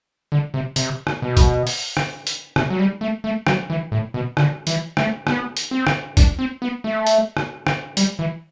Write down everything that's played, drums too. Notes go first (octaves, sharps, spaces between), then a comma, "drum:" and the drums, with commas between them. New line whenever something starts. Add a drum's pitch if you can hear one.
D3
C3
C3, drum: hi-hat
drum: rim click
B2
drum: kick, hi-hat
drum: open hi-hat
drum: rim click
drum: hi-hat
C3, drum: rim click
F#3
G3
A3
A3
F#3, drum: rim click
E3
A2
B2
D3, drum: rim click
E3, drum: hi-hat
A3, drum: rim click
B3, drum: rim click
drum: hi-hat
C4
drum: rim click
D4, drum: kick, hi-hat
C4
B3
A3
drum: hi-hat
drum: rim click
drum: rim click
G3, drum: hi-hat
E3